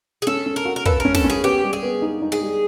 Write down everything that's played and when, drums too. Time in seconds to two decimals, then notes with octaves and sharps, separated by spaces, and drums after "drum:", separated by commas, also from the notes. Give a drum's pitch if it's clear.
0.22 G#4
0.27 C#4 A4
0.46 C#4
0.56 A#4
0.65 F#4
0.76 A#4
0.85 A4 B4, drum: kick
1.00 C#4 A#4
1.15 A4, drum: snare
1.24 C#4
1.30 G#4
1.44 B3 G4
1.64 G3
1.73 G#4
1.83 B3
2.02 D#4
2.22 D#4
2.32 G#4
2.42 G3